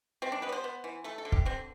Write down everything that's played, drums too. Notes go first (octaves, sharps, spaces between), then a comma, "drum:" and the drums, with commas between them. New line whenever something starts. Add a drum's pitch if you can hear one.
G3 C4
D4
B3 B4
D5
C5
B3
E3
A3 A4
A4
D3
G4, drum: kick
D3 C4